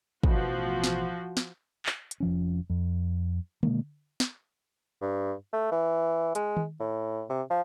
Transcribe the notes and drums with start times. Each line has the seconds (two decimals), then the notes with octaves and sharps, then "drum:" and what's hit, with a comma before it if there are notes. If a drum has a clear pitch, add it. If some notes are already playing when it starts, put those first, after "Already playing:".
0.23 A1 B2 F3 F#4, drum: kick
0.84 drum: snare
1.37 drum: snare
1.86 drum: clap
2.11 drum: hi-hat
2.20 F1 F3 C#4
2.70 F2
3.63 B2 D#3 G#3 A#3, drum: tom D3
4.20 drum: snare
5.01 G2
5.53 A3
5.71 E3
6.35 G#3, drum: hi-hat
6.57 drum: tom D#3
6.80 A2
7.29 C3
7.50 F3